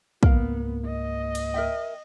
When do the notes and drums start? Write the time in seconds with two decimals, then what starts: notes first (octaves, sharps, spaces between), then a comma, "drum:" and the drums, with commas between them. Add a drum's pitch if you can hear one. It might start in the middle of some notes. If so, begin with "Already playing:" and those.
0.23 C#2 G#2 A#3 B3 A#4 F5, drum: kick
0.86 D#5
1.35 drum: cymbal
1.54 A#4 E5 G5